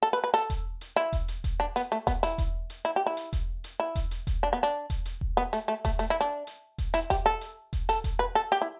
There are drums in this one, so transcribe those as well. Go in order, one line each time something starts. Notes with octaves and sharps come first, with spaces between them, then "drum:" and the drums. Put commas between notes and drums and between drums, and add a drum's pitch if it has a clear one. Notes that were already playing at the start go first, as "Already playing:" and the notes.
A4
B4
B4
A4, drum: hi-hat
drum: kick E1, hi-hat
drum: hi-hat
E4
drum: kick E1, hi-hat
drum: hi-hat
drum: kick E1, hi-hat
D4
B3, drum: hi-hat
A3
B3, drum: kick E1, hi-hat
E4, drum: hi-hat
drum: kick E1, hi-hat
drum: hi-hat
E4
G4
E4
drum: hi-hat
drum: kick E1, hi-hat
drum: hi-hat
E4
drum: kick E1, hi-hat
drum: hi-hat
drum: kick E1, hi-hat
D4
B3
D4
drum: kick E1, hi-hat
drum: hi-hat
drum: kick E1
B3
A3, drum: hi-hat
A3
A3, drum: kick E1, hi-hat
A3, drum: hi-hat
E4
D4
drum: hi-hat
drum: kick E1, hi-hat
E4, drum: hi-hat
G4, drum: kick E1, hi-hat
A4
drum: hi-hat
drum: kick E1, hi-hat
A4, drum: hi-hat
drum: kick E1, hi-hat
B4
A4
G4
E4